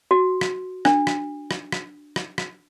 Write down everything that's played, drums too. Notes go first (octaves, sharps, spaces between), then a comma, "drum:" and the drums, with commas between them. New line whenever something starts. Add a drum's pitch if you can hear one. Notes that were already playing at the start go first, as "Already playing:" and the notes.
F#4
drum: rim click
D4, drum: rim click
drum: rim click
drum: rim click
drum: rim click
drum: rim click
drum: rim click